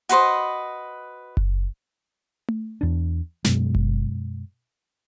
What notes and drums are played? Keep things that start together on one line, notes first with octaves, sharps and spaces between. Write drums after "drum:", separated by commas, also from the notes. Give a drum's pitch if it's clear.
F#4 B4 C5 D#5, drum: hi-hat
drum: kick F#1
drum: tom A3
E2 D4
F#2 B2 G#3, drum: snare
drum: kick F#1